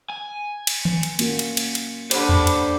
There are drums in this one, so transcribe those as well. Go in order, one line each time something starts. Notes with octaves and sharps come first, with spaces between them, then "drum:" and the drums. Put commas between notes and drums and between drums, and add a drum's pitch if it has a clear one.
G#5
drum: cymbal
drum: tom D#3
drum: cymbal
A#3 C#4 F#4, drum: cymbal
drum: cymbal
drum: cymbal
drum: cymbal
D3 G3 C5 B5, drum: cymbal
drum: tom E2
drum: cymbal